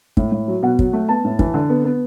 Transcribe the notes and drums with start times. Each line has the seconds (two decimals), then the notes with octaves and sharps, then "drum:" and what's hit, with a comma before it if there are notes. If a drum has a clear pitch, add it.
0.17 A2, drum: kick
0.32 A2
0.48 F#3
0.63 B2 F#5
0.79 F#3, drum: kick
0.93 A3
1.09 B3 A5
1.24 A2
1.39 E3, drum: kick
1.54 D3
1.69 B3
1.84 B3